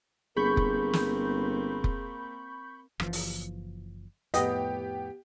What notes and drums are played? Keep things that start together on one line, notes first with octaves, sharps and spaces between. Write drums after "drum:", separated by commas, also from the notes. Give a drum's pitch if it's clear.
G1 A#3 C4 G#4 B5 C#6 G6
drum: kick F1
drum: snare
drum: kick F1
F#1 E3 F3, drum: rim click
drum: open hi-hat
F2 A2 B3 G4 D#5, drum: hi-hat